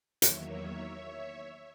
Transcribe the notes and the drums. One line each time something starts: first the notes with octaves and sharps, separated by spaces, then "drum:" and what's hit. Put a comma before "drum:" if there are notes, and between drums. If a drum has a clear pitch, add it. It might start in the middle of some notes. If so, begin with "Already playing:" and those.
E2 D#3 F#3 A#3 C#5 E5, drum: hi-hat